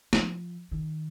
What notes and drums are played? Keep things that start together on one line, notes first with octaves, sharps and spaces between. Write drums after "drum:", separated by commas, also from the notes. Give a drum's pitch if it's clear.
F3, drum: snare
D#3